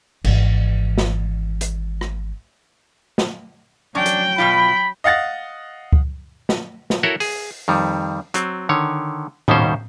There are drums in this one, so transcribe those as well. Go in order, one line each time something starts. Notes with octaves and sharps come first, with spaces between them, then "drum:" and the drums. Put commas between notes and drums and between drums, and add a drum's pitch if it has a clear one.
G#1 E3, drum: cymbal
drum: snare
drum: hi-hat
drum: rim click
drum: snare
F#3 C#4 D4 G5
drum: hi-hat
B2 D#3 F4 B5
D#5 F5 F#5 A6 A#6
drum: kick C#2
drum: snare
drum: snare
E4 F#4 A4 A#4 C#5 F#5
G#4, drum: open hi-hat
F2 D#3 G3
F#3 C4, drum: hi-hat
D3 D#3 C#5
D#2 B2 D#3 G3 C#4 C5, drum: tom A2